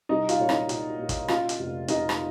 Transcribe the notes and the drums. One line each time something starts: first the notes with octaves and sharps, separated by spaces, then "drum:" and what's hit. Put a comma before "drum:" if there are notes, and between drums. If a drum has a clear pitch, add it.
C2 D#4 D#5
F4 F5, drum: hi-hat
A#2 C#5
D#4 D#5, drum: rim click
A#2, drum: hi-hat
A#2
drum: kick, hi-hat
C#3 F4 F5, drum: rim click
drum: hi-hat
F1
F1 D#4 D#5, drum: hi-hat
drum: rim click